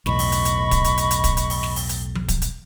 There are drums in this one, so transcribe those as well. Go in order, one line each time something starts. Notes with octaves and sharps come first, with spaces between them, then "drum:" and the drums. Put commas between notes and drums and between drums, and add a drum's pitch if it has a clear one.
B1 E2 A2 D#5 B5 C#6, drum: snare
drum: open hi-hat
drum: hi-hat
drum: hi-hat
drum: kick, hi-hat
drum: hi-hat
drum: hi-hat
drum: hi-hat
drum: kick, hi-hat
drum: hi-hat
drum: open hi-hat
drum: snare
drum: open hi-hat
drum: hi-hat
drum: tom F3
drum: kick, hi-hat
drum: hi-hat